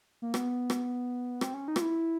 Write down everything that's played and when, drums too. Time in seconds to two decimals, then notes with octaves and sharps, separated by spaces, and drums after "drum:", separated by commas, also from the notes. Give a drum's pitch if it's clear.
0.22 A#3
0.34 B3, drum: rim click
0.70 drum: rim click
1.41 C4, drum: rim click
1.54 C#4
1.68 D#4
1.76 F4, drum: rim click
1.82 E4